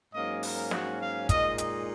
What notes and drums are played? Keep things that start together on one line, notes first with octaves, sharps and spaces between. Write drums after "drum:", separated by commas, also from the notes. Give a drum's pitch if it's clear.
G#2 F#3 A#3 C#4 D#5
A#4, drum: open hi-hat
F#4, drum: snare
F5
A#2 G#3 D#4 D#5, drum: kick, hi-hat
D#5, drum: hi-hat